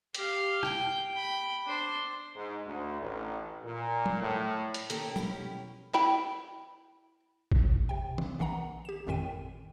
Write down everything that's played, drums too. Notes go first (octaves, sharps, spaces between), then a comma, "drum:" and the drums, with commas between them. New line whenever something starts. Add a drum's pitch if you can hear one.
G4 F5, drum: hi-hat
G5, drum: rim click
G5 B5
D4 C5
G#2
D2
A1
A#2
drum: tom F#3
A2
drum: hi-hat
D#3 A#3 C#4 G4 A4, drum: hi-hat
B2 C#4 E4 G4, drum: tom F#3
E4 G5 B5, drum: clap
drum: kick A1
C3 G5
drum: tom E3
A#1 D#3 E3 F#5 A#5
G4 E7
G#1 F2 A2 D#3 G5 D#7